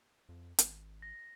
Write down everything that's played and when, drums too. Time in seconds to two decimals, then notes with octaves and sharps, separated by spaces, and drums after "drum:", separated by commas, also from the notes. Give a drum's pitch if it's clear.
0.29 F2
0.59 G#1, drum: hi-hat
1.02 A#6